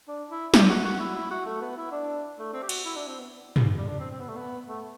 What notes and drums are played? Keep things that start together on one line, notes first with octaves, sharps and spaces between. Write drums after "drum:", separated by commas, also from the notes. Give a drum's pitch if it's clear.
D4
E4
G4, drum: snare
F#4
F#4
E4
E4
F#4
A3
B3
E4
D4
A3
C4
G4
F#4, drum: cymbal
E4
D4
C4
B3
drum: tom
G3
D4
C4
C4
B3
A3
B3
A3